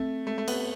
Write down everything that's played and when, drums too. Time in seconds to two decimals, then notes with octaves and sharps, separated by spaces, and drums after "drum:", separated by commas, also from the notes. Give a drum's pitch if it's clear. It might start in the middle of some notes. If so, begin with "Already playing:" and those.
Already playing: A3 C4
0.27 A3
0.38 A3
0.48 B3, drum: cymbal